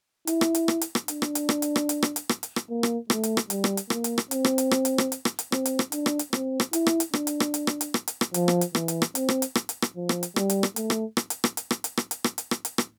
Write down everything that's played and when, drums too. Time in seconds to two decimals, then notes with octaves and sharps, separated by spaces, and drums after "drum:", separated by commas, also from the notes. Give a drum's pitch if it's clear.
0.27 E4, drum: hi-hat
0.41 drum: rim click
0.55 drum: hi-hat
0.68 drum: rim click
0.81 drum: hi-hat
0.95 drum: rim click
1.08 D4, drum: hi-hat
1.22 drum: rim click
1.35 drum: hi-hat
1.49 drum: rim click
1.62 drum: hi-hat
1.76 drum: rim click
1.89 drum: hi-hat
2.02 drum: rim click
2.16 drum: hi-hat
2.29 drum: rim click
2.43 drum: hi-hat
2.56 drum: rim click
2.70 A#3
2.83 drum: rim click
3.10 A3, drum: rim click
3.23 drum: hi-hat
3.37 drum: rim click
3.50 G3, drum: hi-hat
3.64 drum: rim click
3.77 drum: hi-hat
3.90 A#3, drum: rim click
4.04 drum: hi-hat
4.18 drum: rim click
4.31 C4, drum: hi-hat
4.44 drum: rim click
4.58 drum: hi-hat
4.71 drum: rim click
4.85 drum: hi-hat
4.98 drum: rim click
5.12 drum: hi-hat
5.25 drum: rim click
5.39 drum: hi-hat
5.52 C4, drum: rim click
5.66 drum: hi-hat
5.79 drum: rim click
5.92 D4, drum: hi-hat
6.06 drum: rim click
6.19 drum: hi-hat
6.33 C4, drum: rim click
6.60 drum: rim click
6.73 E4, drum: hi-hat
6.87 drum: rim click
7.00 drum: hi-hat
7.13 D4, drum: rim click
7.27 drum: hi-hat
7.40 drum: rim click
7.54 drum: hi-hat
7.67 drum: rim click
7.81 drum: hi-hat
7.94 drum: rim click
8.08 drum: hi-hat
8.21 drum: rim click
8.34 F3, drum: hi-hat
8.48 drum: rim click
8.61 drum: hi-hat
8.75 E3, drum: rim click
8.88 drum: hi-hat
9.02 drum: rim click
9.15 C4, drum: hi-hat
9.29 drum: rim click
9.42 drum: hi-hat
9.55 drum: rim click
9.69 drum: hi-hat
9.82 drum: rim click
9.96 F3
10.09 drum: rim click
10.23 drum: hi-hat
10.36 G3, drum: rim click
10.50 drum: hi-hat
10.63 drum: rim click
10.76 A3, drum: hi-hat
10.90 drum: rim click
11.17 drum: rim click
11.30 drum: hi-hat
11.44 drum: rim click
11.57 drum: hi-hat
11.71 drum: rim click
11.84 drum: hi-hat
11.97 drum: rim click
12.11 drum: hi-hat
12.24 drum: rim click
12.38 drum: hi-hat
12.51 drum: rim click
12.65 drum: hi-hat
12.78 drum: rim click